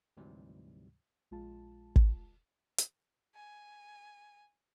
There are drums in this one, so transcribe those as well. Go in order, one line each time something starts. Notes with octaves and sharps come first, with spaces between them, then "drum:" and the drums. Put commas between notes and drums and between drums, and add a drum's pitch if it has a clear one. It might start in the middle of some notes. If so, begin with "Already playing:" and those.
D2 G#2 C3 E3 F#3 G3
A#1 G#3 F4 A5
drum: kick
drum: hi-hat
G#5